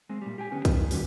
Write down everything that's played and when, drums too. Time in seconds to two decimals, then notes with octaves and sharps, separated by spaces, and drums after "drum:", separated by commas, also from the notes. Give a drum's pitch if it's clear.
0.09 G#3 C4
0.22 A#2 G3
0.38 G4 G5 G#5
0.52 D3 B3 C#4
0.65 F4 B4, drum: kick, hi-hat
0.91 D#3 G3 C#4 F#4 G4, drum: open hi-hat